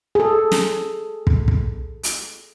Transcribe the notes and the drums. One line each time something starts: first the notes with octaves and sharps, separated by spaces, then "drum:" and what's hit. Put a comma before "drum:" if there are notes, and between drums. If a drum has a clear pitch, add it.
G#4 A4
drum: snare
drum: kick
drum: kick
drum: hi-hat